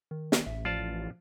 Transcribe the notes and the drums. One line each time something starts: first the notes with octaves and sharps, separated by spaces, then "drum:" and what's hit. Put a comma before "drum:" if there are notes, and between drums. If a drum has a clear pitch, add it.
D#3
drum: snare
A1 E5
F3 F4 D5 A5